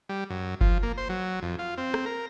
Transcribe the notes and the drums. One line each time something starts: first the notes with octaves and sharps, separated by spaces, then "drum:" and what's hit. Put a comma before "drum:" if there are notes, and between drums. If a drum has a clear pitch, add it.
G3
F#2
F3, drum: kick F#1
A#3
C5
F#3
F2
F4
C4
drum: rim click
A#4